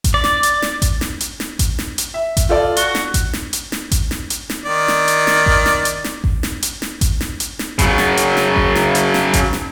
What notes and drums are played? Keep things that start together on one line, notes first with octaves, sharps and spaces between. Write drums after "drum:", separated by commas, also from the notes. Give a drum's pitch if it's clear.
drum: kick G#1, hi-hat
D5
drum: snare
drum: hi-hat
drum: snare
drum: kick G#1, hi-hat
drum: snare
drum: hi-hat
drum: snare
drum: kick G#1, hi-hat
drum: snare
drum: hi-hat
E5
drum: kick G#1, hi-hat
F4 A4 D5
F#4 G7, drum: hi-hat
drum: snare
drum: kick G#1, hi-hat
drum: snare
drum: hi-hat
drum: snare
drum: kick G#1, hi-hat
drum: snare
drum: hi-hat
drum: snare
D#3 D5
drum: snare
drum: hi-hat
drum: snare
drum: kick G#1
drum: snare
drum: hi-hat
drum: snare
drum: kick G#1
drum: snare
drum: hi-hat
drum: snare
drum: kick G#1, hi-hat
drum: snare
drum: hi-hat
drum: snare
C#3 F#3, drum: kick G#1, hi-hat
drum: snare
drum: hi-hat
drum: snare
drum: kick G#1
drum: snare
drum: hi-hat
drum: snare
drum: kick G#1, hi-hat
drum: snare